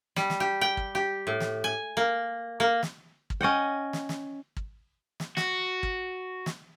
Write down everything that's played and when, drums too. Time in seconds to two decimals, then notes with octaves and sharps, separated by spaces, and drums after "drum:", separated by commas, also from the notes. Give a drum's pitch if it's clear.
0.16 G3, drum: snare
0.30 drum: snare
0.40 G4
0.61 G5
0.77 drum: kick
0.95 G4
1.27 A2
1.40 drum: snare
1.64 G#5
1.97 A#3
2.60 A#3
2.83 drum: snare
3.30 drum: kick
3.41 C#4 D#5 F#5 G5
3.93 drum: snare
4.09 drum: snare
4.56 drum: kick
5.20 drum: snare
5.37 F#4, drum: snare
5.83 drum: kick
6.46 drum: snare